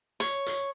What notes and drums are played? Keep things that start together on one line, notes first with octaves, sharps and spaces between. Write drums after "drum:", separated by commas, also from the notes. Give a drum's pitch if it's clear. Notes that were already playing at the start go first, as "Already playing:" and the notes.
C#5, drum: hi-hat
drum: hi-hat